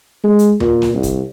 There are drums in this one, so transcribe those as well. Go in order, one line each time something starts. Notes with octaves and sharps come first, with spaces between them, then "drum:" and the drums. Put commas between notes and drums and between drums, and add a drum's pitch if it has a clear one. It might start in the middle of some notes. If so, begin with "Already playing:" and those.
G#3
drum: hi-hat
A#2, drum: tom D#2
drum: snare
C2
drum: kick, hi-hat